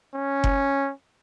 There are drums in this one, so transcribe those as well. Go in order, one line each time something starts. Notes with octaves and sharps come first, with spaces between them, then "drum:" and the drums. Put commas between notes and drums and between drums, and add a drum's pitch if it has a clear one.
C#4
drum: kick F#1